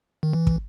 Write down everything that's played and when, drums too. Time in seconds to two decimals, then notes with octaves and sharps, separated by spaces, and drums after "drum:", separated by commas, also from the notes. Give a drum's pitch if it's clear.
0.23 D#3
0.33 E3
0.47 drum: kick